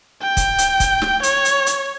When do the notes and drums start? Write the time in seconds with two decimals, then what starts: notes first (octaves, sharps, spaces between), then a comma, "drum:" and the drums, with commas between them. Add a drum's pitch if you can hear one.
0.22 G5
0.37 drum: kick, hi-hat
0.58 drum: hi-hat
0.80 drum: kick, hi-hat
1.02 drum: snare
1.23 C#5, drum: hi-hat
1.45 drum: hi-hat
1.66 drum: hi-hat